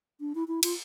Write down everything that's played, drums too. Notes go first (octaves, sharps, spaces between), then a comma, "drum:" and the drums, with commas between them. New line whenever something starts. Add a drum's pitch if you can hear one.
D4
E4
E4
F4, drum: cymbal